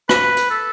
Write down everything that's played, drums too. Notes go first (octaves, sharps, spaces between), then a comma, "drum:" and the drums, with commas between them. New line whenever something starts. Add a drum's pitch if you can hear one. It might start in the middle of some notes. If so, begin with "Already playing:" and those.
B4, drum: rim click
drum: hi-hat
A4